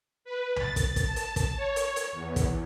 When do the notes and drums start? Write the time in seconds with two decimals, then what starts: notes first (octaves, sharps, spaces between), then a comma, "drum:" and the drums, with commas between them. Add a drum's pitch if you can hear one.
0.25 B4
0.56 A6, drum: tom B1
0.76 drum: kick, hi-hat
0.96 drum: kick, hi-hat
1.06 A5
1.16 drum: hi-hat
1.36 drum: kick, hi-hat
1.56 C#5
1.76 drum: hi-hat
1.96 drum: hi-hat
2.12 E2
2.36 drum: kick, hi-hat